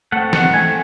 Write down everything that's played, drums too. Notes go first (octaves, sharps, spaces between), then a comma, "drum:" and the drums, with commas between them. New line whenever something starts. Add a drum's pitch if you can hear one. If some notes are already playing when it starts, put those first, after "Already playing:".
A3 C4 F#5
D#3 F#5, drum: snare
A3 C4 G#5